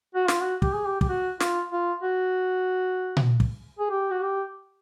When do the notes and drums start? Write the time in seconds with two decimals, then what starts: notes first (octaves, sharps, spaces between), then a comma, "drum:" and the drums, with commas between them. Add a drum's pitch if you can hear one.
0.15 F#4
0.28 F4, drum: snare
0.41 F#4
0.62 G4, drum: kick
0.74 G#4
0.86 G4
1.01 G4, drum: kick
1.09 F#4
1.40 F4, drum: snare
1.72 F4
2.03 F#4
3.17 drum: tom A#2
3.40 drum: kick
3.79 G#4
3.90 G4
4.11 F#4
4.22 G4